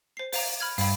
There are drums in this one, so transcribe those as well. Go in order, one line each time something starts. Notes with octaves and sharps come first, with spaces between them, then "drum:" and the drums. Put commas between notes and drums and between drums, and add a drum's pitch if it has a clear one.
C5 C7
C5 F5 A#5, drum: open hi-hat
B5 F6 G#6
G2 F5 B5, drum: open hi-hat